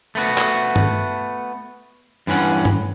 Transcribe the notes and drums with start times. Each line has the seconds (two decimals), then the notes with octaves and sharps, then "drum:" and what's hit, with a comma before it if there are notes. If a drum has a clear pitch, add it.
0.15 A3 B3 F#4
0.38 drum: clap
0.76 drum: tom G2
2.27 G2 E3 C#4 F#5
2.65 drum: tom G2